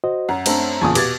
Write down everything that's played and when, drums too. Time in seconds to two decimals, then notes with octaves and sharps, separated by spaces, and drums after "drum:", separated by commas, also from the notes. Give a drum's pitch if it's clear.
0.04 F#4 C5 D#5
0.29 F#2 F#5
0.46 A3 C4 D4, drum: cymbal
0.81 E2 A#2 C#3 G#5 A5 C#6 D#6
0.95 B2 G4 D6 G#6 A6, drum: cymbal